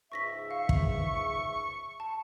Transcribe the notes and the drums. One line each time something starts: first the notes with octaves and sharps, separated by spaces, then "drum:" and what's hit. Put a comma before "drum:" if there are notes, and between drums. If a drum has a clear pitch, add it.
C#2 G#2 E5 C#6 A#6 B6
F5 C#6
drum: kick
A5